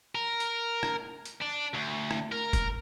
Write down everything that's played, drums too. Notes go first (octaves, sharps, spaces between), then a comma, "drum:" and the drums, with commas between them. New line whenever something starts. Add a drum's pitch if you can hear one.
A#4
drum: hi-hat
drum: rim click
drum: hi-hat
D4
D2
drum: rim click
A#4
drum: kick, hi-hat